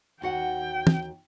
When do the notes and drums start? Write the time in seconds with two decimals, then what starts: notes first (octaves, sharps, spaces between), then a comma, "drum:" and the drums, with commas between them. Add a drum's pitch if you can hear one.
0.22 D#2 F#4 F#5 G5
0.87 drum: tom